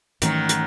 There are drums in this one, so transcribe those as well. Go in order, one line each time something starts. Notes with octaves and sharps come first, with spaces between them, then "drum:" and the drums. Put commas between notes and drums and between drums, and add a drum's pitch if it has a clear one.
G#2 D#3 E3 F#3 A3 C#4, drum: hi-hat
drum: hi-hat